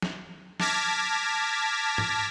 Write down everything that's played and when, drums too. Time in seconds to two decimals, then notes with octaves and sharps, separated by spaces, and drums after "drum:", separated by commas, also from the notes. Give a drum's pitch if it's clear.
0.02 drum: snare
0.60 A5 D6 F6 G#6 A#6 B6, drum: snare
1.98 drum: tom G#2